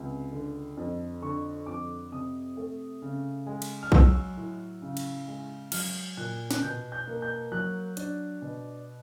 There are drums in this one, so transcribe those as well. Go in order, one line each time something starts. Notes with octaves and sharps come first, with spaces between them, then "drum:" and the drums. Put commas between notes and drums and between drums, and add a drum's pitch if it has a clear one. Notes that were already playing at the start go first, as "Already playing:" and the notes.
Already playing: C#2 C3
D3
F2
D3 C#6
F2 D6
C3 D#6
A3
C#3
G#3
drum: cymbal
F6
F#3 E6, drum: kick B1
A2
C#3
drum: cymbal
G#3
F#3 F6, drum: cymbal
A#2 F#6
F#6, drum: snare
B2 G6
G6
A#3
G6
F#3 F#6
D4, drum: hi-hat
B2